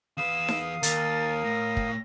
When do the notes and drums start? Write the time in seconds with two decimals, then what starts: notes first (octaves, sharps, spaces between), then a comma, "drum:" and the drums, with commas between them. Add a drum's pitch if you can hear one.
0.18 E2 B4 F5 D#6 E7
0.48 drum: snare D#4
0.83 D#2 A#4 A6, drum: hi-hat
1.44 A2 A#6
1.77 drum: kick